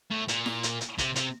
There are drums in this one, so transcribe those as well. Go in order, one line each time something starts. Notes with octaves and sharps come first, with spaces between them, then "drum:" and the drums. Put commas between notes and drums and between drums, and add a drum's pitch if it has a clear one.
A2
A#2, drum: hi-hat
drum: snare E4
drum: hi-hat
drum: hi-hat
C3, drum: kick, hi-hat
C3, drum: hi-hat